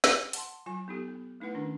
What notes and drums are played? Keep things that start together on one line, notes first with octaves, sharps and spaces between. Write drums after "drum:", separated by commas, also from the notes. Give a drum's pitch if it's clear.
drum: snare
F#5 A5 C6, drum: hi-hat
F#3 F4 G#5
B3 D#4 G4 A4
B3
A3 D#4 E4 B4 F#5
D#3 C#4 D4 A#4